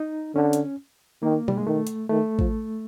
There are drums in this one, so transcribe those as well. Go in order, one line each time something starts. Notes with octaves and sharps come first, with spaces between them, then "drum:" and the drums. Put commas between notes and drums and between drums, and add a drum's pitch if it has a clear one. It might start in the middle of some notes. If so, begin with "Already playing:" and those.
Already playing: D#4
D3 C#4
drum: hi-hat
D#3 A#3
G3, drum: tom B2
G#3
D#3 A3
drum: hi-hat
D#3 A3
F3, drum: kick A1